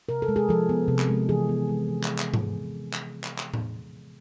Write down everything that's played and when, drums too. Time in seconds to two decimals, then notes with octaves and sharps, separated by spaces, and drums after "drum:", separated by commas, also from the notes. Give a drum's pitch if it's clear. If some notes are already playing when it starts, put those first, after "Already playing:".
0.09 C3 A#4
0.22 A4
0.28 G#3
0.36 G#4
0.49 F3 A4
0.69 B3
0.88 C3
0.99 drum: clap
1.09 G#3
1.29 E3 G#4
1.49 B3
1.69 G#3
1.88 E3
2.04 drum: clap
2.19 drum: clap
2.34 drum: tom G#2
2.94 drum: clap
3.24 drum: clap
3.39 drum: clap
3.54 drum: tom A2